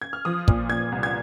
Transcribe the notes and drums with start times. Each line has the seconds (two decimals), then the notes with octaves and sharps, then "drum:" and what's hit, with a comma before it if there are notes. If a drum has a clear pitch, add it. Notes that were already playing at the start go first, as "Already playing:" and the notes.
0.02 G#6
0.13 F6
0.25 F3 D#6
0.48 A#2, drum: kick
0.69 A#2 G#6
0.92 C2
1.03 G#6